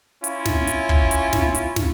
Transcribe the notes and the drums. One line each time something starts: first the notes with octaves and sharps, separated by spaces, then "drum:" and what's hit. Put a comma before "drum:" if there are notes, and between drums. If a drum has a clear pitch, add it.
C#4 E4 F4, drum: hi-hat
drum: snare
drum: hi-hat
drum: kick
drum: hi-hat
drum: snare
drum: hi-hat
drum: snare